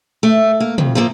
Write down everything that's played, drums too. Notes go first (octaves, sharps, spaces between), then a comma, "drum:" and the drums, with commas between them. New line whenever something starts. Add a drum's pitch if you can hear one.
A3
A#3
F2, drum: tom
F3 A3 A#3